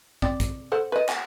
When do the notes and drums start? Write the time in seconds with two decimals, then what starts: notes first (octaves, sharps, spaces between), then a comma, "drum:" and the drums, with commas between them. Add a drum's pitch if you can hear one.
0.22 C4 D5 D6, drum: kick
0.40 drum: kick, hi-hat
0.72 A4 C5 F#5
0.92 B4 D#5
1.09 F#5 G#5, drum: clap